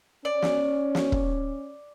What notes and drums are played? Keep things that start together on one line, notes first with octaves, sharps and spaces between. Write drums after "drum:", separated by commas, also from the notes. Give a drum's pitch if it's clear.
C#4 D5
drum: snare
drum: snare
drum: kick